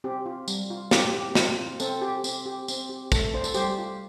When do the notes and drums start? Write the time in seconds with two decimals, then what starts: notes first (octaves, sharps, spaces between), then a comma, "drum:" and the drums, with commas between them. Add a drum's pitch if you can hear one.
0.04 C4 G4
0.26 F4
0.48 G3, drum: tambourine
0.70 F4
0.91 C4 G4, drum: snare
1.14 G4
1.35 C4, drum: snare
1.58 F4
1.80 C4 A4, drum: tambourine
2.02 G4
2.24 C4, drum: tambourine
2.46 G4
2.68 C4, drum: tambourine
2.89 G4
3.12 A3 A4, drum: kick, tambourine
3.33 D4 C5
3.44 A4, drum: tambourine
3.54 G3 G4 C5, drum: tambourine
3.78 F4